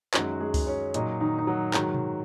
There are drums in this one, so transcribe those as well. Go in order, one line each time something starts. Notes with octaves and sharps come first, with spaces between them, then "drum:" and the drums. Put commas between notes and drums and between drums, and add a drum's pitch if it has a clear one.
F#2 D#3 F#3 G#3 F#4, drum: clap
G#3 G#4
drum: kick C#2, open hi-hat
C#4 C#5
A#2 F#3 D#4 D#5, drum: hi-hat
D#3 D#4
D#4
F#3 F#4
G#2 D#3 F#3, drum: clap
drum: tom B2